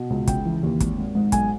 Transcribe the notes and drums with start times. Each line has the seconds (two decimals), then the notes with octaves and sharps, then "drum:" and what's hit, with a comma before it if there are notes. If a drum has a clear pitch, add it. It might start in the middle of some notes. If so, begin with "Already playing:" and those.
Already playing: B2
0.10 C#2
0.27 C#3 G5, drum: kick, hi-hat
0.45 E3
0.63 D#2
0.80 G#1, drum: kick, hi-hat
0.98 G#1
1.15 G#2
1.32 B1 G#5, drum: kick, hi-hat